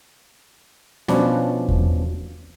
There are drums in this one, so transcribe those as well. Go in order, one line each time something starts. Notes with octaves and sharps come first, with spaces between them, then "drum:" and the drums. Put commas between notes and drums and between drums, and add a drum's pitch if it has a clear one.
B2 F3 C#4 D4 B4, drum: snare
drum: kick E2